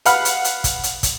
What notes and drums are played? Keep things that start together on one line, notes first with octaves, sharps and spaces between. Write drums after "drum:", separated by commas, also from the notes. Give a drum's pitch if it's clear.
B4 F5 F#5 B5 F6, drum: hi-hat
drum: hi-hat
drum: hi-hat
drum: kick, hi-hat
drum: hi-hat
drum: kick, hi-hat